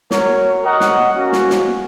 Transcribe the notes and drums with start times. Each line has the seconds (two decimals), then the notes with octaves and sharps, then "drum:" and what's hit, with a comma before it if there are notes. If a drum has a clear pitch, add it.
0.11 F#4 A#4 C#5, drum: snare
0.63 F#4 A#4 D#5 F#5
0.80 drum: snare
1.15 A#3 C#4 F#4
1.32 drum: snare
1.50 drum: snare